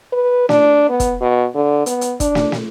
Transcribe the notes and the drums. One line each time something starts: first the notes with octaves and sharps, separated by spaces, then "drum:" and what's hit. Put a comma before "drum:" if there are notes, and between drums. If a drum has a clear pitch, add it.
B4
D4, drum: snare
B3
drum: kick, hi-hat
B2
D3
B3, drum: hi-hat
drum: hi-hat
D4, drum: kick, hi-hat
drum: snare
drum: snare